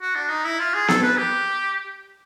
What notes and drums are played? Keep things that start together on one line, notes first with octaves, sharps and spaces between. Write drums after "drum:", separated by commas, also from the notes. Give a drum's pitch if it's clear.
F#4
D4
D#4
E4
F4
G#4
A4, drum: snare B3
B4
G4